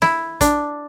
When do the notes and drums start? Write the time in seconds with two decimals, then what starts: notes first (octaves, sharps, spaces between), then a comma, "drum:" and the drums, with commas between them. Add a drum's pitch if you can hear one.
0.02 E4, drum: snare
0.41 D4, drum: kick, hi-hat